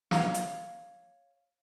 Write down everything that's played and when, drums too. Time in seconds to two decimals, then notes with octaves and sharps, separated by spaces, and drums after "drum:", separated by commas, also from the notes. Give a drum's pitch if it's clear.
0.11 C#5 F5, drum: snare
0.34 drum: hi-hat